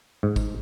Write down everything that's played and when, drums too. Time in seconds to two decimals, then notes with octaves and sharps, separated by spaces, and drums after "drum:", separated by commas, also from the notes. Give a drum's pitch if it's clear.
0.23 G#2
0.36 drum: kick, tambourine